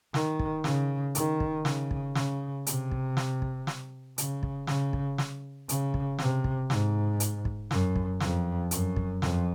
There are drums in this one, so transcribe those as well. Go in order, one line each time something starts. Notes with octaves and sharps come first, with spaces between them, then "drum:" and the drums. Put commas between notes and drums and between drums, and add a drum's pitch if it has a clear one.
D#3, drum: snare
drum: kick
C#3, drum: snare
D#3, drum: hi-hat
drum: kick
C#3, drum: snare
drum: kick
C#3, drum: snare
C3, drum: hi-hat
drum: kick
drum: snare
drum: kick
drum: snare
C#3, drum: hi-hat
drum: kick
C#3, drum: snare
drum: kick
drum: snare
C#3, drum: hi-hat
drum: kick
C3, drum: snare
drum: kick
G#2, drum: snare
drum: hi-hat
drum: kick
F#2, drum: snare
drum: kick
F2, drum: snare
F#2, drum: hi-hat
drum: kick
F2, drum: snare